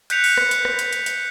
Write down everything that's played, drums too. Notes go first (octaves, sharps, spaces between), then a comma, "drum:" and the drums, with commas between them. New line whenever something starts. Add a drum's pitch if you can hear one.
F#6 G6 B6 C#7 F7, drum: hi-hat
drum: open hi-hat
drum: rim click
drum: hi-hat
drum: rim click
drum: hi-hat
drum: hi-hat
drum: hi-hat